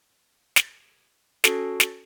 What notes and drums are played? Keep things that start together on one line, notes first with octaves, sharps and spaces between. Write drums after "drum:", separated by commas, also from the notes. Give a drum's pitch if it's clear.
drum: snare
C#4 F#4 A4, drum: snare
drum: snare